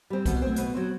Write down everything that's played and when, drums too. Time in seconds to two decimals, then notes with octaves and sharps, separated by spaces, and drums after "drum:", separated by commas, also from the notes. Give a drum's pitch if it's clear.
0.10 G3 C4
0.26 B2 C4, drum: kick, hi-hat
0.36 B3
0.42 F#3 A3 C4
0.56 B2 B3, drum: hi-hat
0.74 F#3 C4